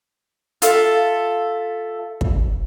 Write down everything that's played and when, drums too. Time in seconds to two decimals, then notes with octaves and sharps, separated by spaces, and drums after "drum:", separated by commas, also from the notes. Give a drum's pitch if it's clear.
0.62 F4 A4 E5, drum: hi-hat
2.21 drum: kick